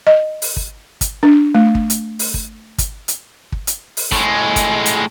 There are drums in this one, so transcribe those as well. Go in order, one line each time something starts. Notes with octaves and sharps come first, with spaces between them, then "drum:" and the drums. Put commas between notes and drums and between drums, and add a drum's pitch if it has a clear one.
D#5
drum: open hi-hat
drum: kick
drum: kick, hi-hat
D4
A3
drum: kick
drum: hi-hat
drum: open hi-hat
drum: kick
drum: kick, hi-hat
drum: hi-hat
drum: kick
drum: hi-hat
drum: open hi-hat
A2 G#3, drum: kick
drum: kick, hi-hat
drum: hi-hat